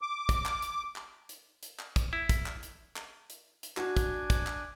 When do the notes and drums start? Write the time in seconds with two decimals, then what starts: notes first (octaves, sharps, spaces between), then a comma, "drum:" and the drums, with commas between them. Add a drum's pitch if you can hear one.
0.01 D6
0.29 drum: kick, hi-hat
0.46 drum: clap
0.62 drum: hi-hat
0.96 drum: clap
1.29 drum: hi-hat
1.63 drum: hi-hat
1.79 drum: clap
1.96 drum: kick, hi-hat
2.13 E4
2.29 drum: kick, hi-hat
2.46 drum: clap
2.63 drum: hi-hat
2.96 drum: clap
3.30 drum: hi-hat
3.63 drum: hi-hat
3.77 D4 F#4 G#5, drum: clap
3.97 drum: kick, hi-hat
4.30 drum: kick, hi-hat
4.47 drum: clap